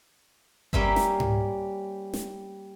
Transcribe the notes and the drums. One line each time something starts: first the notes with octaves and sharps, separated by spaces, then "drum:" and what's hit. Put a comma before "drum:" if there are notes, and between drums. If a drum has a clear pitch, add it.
G3 A#3 C#4 C5 E5 B5, drum: kick G1
drum: snare
drum: tom G#2
drum: snare